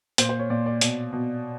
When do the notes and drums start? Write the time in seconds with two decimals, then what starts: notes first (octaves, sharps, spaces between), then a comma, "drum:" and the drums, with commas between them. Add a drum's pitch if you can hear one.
0.18 A#2 C5, drum: hi-hat
0.29 C5
0.39 C#5
0.50 A#2 D5
0.66 D5
0.81 B2 D5, drum: hi-hat
1.13 B2